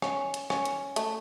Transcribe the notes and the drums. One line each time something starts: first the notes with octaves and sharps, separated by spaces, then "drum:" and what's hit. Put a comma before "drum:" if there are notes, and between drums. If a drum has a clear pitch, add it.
C#4, drum: rim click
drum: hi-hat
C#4, drum: rim click
drum: hi-hat
A3, drum: hi-hat